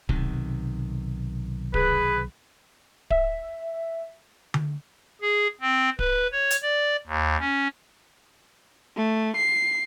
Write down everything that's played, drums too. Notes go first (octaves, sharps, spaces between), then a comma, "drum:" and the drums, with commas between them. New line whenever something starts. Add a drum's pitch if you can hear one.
B1 C3 D#3, drum: kick D1
G#4 B4, drum: kick D1
E5, drum: kick D1
drum: tom D3
G#4
C4
B4, drum: kick D1
C#5
drum: hi-hat
D5
D#2
C#4
A3
C7